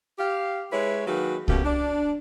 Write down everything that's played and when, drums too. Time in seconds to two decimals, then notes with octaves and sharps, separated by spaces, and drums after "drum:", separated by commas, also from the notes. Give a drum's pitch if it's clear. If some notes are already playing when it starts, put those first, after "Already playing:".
0.18 G4 F5
0.72 G#3 E4 B4 C#5
1.07 D#3 F#3 A#3 F#4 G#4 B4
1.48 B2 A3 A#3 C#4 G4, drum: kick C2
1.65 D4 D5